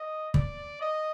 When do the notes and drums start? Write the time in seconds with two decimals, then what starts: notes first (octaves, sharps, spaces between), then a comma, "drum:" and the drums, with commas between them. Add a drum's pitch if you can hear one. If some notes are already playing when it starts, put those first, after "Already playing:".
Already playing: D#5
0.34 D5, drum: kick
0.81 D#5